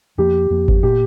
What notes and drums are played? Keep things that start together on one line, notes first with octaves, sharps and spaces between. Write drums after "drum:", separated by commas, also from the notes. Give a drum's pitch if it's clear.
F2 F3 A#3 G4
F2 F3 A#3
drum: kick G1
A#2 A#3 G4